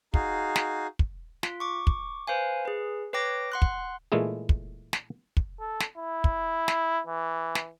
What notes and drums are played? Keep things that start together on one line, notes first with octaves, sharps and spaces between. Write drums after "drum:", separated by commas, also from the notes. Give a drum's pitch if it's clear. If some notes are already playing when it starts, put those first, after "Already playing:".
D#4 F#4 G#4 F5, drum: kick
drum: snare
drum: kick
F4, drum: snare
C#6 D6
drum: kick
B4 C5 F5 G#5
G#4 B4
B4 C#5 G5 D6 A#6 D7
F#5 C6 F#6
drum: kick
A#2 E3 G#3 A3 E4 G#4
drum: kick
drum: snare
drum: kick
A4
drum: snare
E4
drum: kick
drum: snare
E3
drum: snare